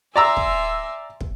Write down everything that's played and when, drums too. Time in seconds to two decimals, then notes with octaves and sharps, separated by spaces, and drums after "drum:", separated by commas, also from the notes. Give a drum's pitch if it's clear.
0.16 D5 E5 G#5 A#5 C6 E6
0.37 drum: kick
1.21 drum: kick